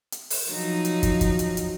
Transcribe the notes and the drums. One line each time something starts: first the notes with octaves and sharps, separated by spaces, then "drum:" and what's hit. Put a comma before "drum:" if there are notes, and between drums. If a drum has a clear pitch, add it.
drum: hi-hat
drum: open hi-hat
F3 F#3 D#4
drum: hi-hat
drum: kick, hi-hat
drum: kick, hi-hat
drum: hi-hat
drum: hi-hat